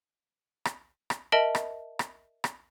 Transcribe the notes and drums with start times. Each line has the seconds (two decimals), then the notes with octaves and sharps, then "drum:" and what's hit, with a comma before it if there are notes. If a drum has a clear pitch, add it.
0.65 drum: rim click
1.10 drum: rim click
1.32 A#4 D#5 E5 A5 D7 F#7
1.55 drum: rim click
1.99 drum: rim click
2.44 drum: rim click